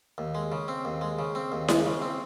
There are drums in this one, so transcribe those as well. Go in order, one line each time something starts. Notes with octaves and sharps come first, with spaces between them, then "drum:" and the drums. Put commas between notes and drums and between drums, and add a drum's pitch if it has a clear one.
D#2
G#3
C#3
C4
D#2
G#3
C#3
C4
D#2
G#3, drum: snare E4
C#3
C4